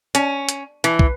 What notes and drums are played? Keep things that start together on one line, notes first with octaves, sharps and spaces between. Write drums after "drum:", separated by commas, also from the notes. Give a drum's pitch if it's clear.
C#4, drum: hi-hat
drum: hi-hat
E3, drum: hi-hat
drum: kick